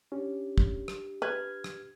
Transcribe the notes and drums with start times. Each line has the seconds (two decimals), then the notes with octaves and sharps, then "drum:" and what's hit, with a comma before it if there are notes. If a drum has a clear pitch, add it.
0.12 C#4 D4 G4
0.58 drum: kick
0.88 drum: rim click
1.22 B4 F6 G#6
1.64 drum: rim click